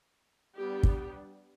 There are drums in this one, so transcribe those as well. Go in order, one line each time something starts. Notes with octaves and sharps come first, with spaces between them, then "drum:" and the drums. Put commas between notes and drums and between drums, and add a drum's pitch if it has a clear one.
G3 B3 D4 G4
drum: kick